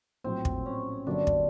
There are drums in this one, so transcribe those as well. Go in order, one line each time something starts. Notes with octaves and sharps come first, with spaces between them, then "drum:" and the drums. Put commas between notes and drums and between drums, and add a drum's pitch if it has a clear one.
A#1 A2 F#3 C4
drum: kick
C#4
G1 F#2 D3 F#3 A#3 D4
drum: kick